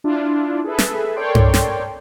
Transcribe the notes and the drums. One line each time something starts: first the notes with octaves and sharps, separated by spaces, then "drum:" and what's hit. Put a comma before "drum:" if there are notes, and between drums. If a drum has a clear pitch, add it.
D4 E4 F4
G#4 A4 B4 E5
drum: snare
A4 A#4 C#5 D5 G5 C6
drum: tom G2
drum: snare